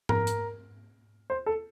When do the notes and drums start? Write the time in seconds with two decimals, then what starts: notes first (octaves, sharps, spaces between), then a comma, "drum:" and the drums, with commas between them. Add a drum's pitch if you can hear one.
0.09 A#4, drum: tom G#2
0.27 drum: hi-hat
1.30 C5
1.46 A4